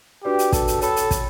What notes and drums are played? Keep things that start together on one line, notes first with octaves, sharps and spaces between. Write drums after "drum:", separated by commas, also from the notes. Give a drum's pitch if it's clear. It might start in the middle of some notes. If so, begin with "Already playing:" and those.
D4 F#4 G4 B4 D5 G5
drum: hi-hat
A4, drum: kick, hi-hat
drum: hi-hat
A4 C#5 G5 B5, drum: hi-hat
drum: hi-hat
drum: kick, hi-hat